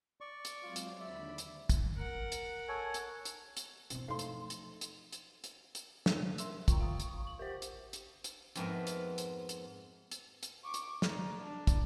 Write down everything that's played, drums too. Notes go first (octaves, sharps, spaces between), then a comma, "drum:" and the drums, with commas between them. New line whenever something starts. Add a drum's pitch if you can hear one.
D5 C#6
drum: hi-hat
F#3 G#3 C4 F4
drum: hi-hat
D#2 D3 D5 E5 B5
drum: hi-hat
drum: kick, hi-hat
A#4 F#5
drum: hi-hat
A4 C#5 G#5
drum: hi-hat
drum: hi-hat
drum: hi-hat
B2 E3 C4, drum: hi-hat
F3 F#3 A3 D#4 F5 C6
drum: hi-hat
drum: hi-hat
drum: hi-hat
drum: hi-hat
drum: hi-hat
drum: hi-hat
drum: snare
A#4 E5 C6 E6, drum: hi-hat
F4 G5 A#5 C#6, drum: kick, hi-hat
F5 D#6
drum: hi-hat
F#7
G4 A#4 C5
drum: hi-hat
drum: hi-hat
drum: hi-hat
F2 G#2 B3 F#4 A#4 E5, drum: hi-hat
drum: hi-hat
drum: hi-hat
drum: hi-hat
drum: hi-hat
drum: hi-hat
C#6 D6
drum: hi-hat
D5 A#5, drum: snare
D4 D5
drum: kick, hi-hat